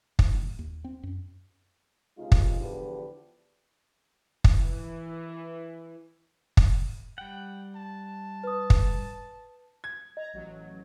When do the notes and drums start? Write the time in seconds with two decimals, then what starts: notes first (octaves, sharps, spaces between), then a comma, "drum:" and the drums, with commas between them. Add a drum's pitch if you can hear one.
0.19 G#2, drum: kick
0.33 D1
0.59 D#2
0.84 C4
1.03 F#2
2.18 C#2 C3 G#3 D#4 F4
2.32 drum: kick
2.60 E2 D3 F3 D4 G4 B4
4.44 drum: kick
4.55 E3
6.57 drum: kick
7.18 G3 F#5 G5
7.76 A5
8.43 B4 D#6
8.70 drum: kick
9.84 G#6
10.17 D#5 A#5
10.33 A1 F#3